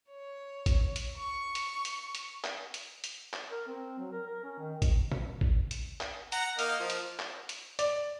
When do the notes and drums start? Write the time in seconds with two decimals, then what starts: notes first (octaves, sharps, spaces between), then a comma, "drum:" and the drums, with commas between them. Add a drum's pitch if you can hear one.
0.10 C#5
0.66 drum: kick A1, hi-hat
0.96 drum: hi-hat
1.19 C#6
1.55 drum: hi-hat
1.85 drum: hi-hat
2.15 drum: hi-hat
2.44 drum: clap
2.74 drum: hi-hat
3.04 drum: hi-hat
3.33 drum: clap
3.51 A#4
3.67 C4
3.99 F#3
4.12 A#4
4.27 A#4
4.43 C#4
4.59 D#3
4.82 drum: kick A1, hi-hat
5.12 drum: tom B2
5.41 drum: kick A1
5.71 drum: hi-hat
6.01 drum: clap
6.32 F#5 A#5, drum: hi-hat
6.59 A#3 D#4 F5, drum: hi-hat
6.80 F3
6.90 drum: hi-hat
7.19 drum: clap
7.49 drum: hi-hat
7.79 D5, drum: hi-hat